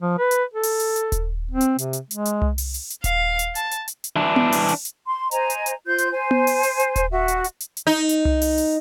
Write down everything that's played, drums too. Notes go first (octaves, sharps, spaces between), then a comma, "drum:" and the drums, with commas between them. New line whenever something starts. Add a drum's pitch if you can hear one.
F3
B4
drum: hi-hat
A4
drum: open hi-hat
drum: hi-hat
drum: hi-hat
drum: kick D#1, hi-hat
C4
drum: hi-hat
C3, drum: hi-hat
drum: hi-hat
G#3, drum: hi-hat
drum: hi-hat
drum: tom C2
drum: open hi-hat
drum: hi-hat
drum: hi-hat
F5, drum: kick D#1, hi-hat
drum: hi-hat
A5, drum: hi-hat
drum: hi-hat
drum: hi-hat
drum: hi-hat
E3 D4
drum: tom B3
drum: open hi-hat
drum: hi-hat
drum: hi-hat
C6
C5 D#5 G#5 A#5, drum: hi-hat
drum: hi-hat
drum: hi-hat
F4 C5 C6 G6
drum: hi-hat
C5 G#5
drum: tom B3
drum: open hi-hat
drum: hi-hat
drum: hi-hat
drum: kick D#1, hi-hat
F#4 E5
drum: hi-hat
drum: hi-hat
drum: hi-hat
drum: hi-hat
D#4
drum: hi-hat
drum: tom C2
drum: open hi-hat
drum: hi-hat